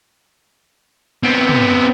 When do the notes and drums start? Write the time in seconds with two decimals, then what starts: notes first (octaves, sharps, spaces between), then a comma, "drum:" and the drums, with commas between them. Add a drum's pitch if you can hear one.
1.23 B3 C4
1.49 drum: tom